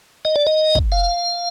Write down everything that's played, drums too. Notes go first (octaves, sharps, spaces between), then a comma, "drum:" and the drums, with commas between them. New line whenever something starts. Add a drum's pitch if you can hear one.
D#5
D5
D#5
drum: kick
F5